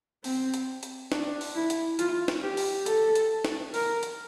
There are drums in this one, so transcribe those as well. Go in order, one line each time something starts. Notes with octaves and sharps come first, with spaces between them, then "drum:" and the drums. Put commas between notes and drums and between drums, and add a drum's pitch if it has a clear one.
C4, drum: open hi-hat
drum: hi-hat
drum: hi-hat
D4, drum: snare
drum: open hi-hat
E4
drum: hi-hat
F4, drum: hi-hat
drum: snare
G4
drum: open hi-hat
A4, drum: hi-hat
drum: hi-hat
drum: snare
A#4, drum: open hi-hat
drum: hi-hat